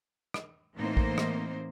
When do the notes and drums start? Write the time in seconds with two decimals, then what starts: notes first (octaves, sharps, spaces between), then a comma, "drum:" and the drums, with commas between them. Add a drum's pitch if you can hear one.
0.34 drum: rim click
0.76 A2 E3 A#3 C4 D#4 C5
0.97 drum: kick
1.18 drum: rim click